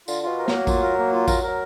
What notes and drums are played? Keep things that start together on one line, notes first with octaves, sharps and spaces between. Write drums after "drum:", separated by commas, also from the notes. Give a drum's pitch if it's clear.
D3 F4, drum: tambourine
B2 F4
A#4
F#3, drum: snare
A#3
F4, drum: kick A1, tambourine
A#4
A#3
F4
F#3 A#4, drum: kick A1, tambourine
F#3 A#4